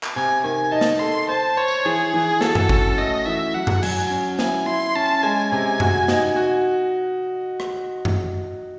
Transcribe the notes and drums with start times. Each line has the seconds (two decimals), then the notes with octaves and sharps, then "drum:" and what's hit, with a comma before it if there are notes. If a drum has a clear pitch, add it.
0.03 drum: clap
0.16 C3 G#5
0.44 D#3 G#5
0.72 D#4 A5
0.81 drum: snare
1.00 A4 C6
1.28 C5 A5
1.57 C5 C#5
1.68 drum: tambourine
1.85 E3 G#4
2.13 E3
2.41 F#4 A4, drum: snare
2.55 drum: tom F#2
2.69 C#4, drum: kick G1
2.98 A3 D#5
3.26 E3 E5
3.54 F#3 F#5
3.67 drum: tom F#2
3.83 F#3 G#5, drum: cymbal
4.10 C#4
4.39 E4 G#5, drum: snare
4.67 E4 C6
4.96 C#4 A5
5.23 G#3 G#5
5.52 C3
5.80 F#4, drum: tom F#2
6.08 D#4, drum: snare
6.36 F#4
7.60 drum: rim click
8.05 drum: tom F#2